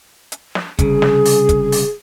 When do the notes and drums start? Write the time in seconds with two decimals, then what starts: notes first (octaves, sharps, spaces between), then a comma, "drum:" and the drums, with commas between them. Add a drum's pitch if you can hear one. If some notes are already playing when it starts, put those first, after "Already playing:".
0.32 drum: hi-hat
0.55 drum: snare
0.79 C2 C#3 G#4, drum: kick, hi-hat
1.02 drum: snare
1.25 drum: open hi-hat
1.49 drum: kick, hi-hat
1.72 drum: open hi-hat